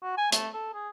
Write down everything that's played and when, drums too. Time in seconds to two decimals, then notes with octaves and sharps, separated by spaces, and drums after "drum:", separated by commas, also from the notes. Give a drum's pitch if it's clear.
0.03 F#4
0.18 G#5
0.32 A3, drum: hi-hat
0.54 A4
0.74 G#4